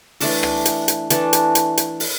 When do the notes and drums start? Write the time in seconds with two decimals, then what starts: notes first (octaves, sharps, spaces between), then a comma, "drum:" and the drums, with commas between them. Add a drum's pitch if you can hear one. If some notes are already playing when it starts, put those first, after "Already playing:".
0.20 E3 A3 D4 A4, drum: open hi-hat
0.43 drum: rim click
0.65 drum: hi-hat
0.88 drum: hi-hat
1.10 E3 A3 D4 A4, drum: hi-hat
1.33 drum: hi-hat
1.55 drum: hi-hat
1.77 drum: hi-hat
2.00 drum: open hi-hat